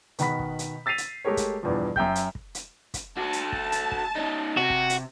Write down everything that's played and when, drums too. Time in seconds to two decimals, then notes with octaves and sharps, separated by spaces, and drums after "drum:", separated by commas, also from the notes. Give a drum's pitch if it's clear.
0.19 B2 D#3 F#5 B5 B6, drum: hi-hat
0.39 drum: kick
0.59 drum: hi-hat
0.86 E6 A6 B6 C7 D#7 F7
0.98 drum: hi-hat
1.25 G#3 A3 G4 A#4 C#5
1.37 drum: kick, hi-hat
1.63 E2 G2 B2 E3 F3
1.96 F#2 E5 G5 G6, drum: kick
2.15 drum: hi-hat
2.35 drum: kick
2.55 drum: hi-hat
2.94 drum: kick, hi-hat
3.18 F#4 A4 A5
3.33 drum: hi-hat
3.52 drum: kick
3.72 drum: hi-hat
3.92 drum: kick
4.15 C#4 D#4
4.57 C3 F#4
4.70 drum: kick
4.90 drum: hi-hat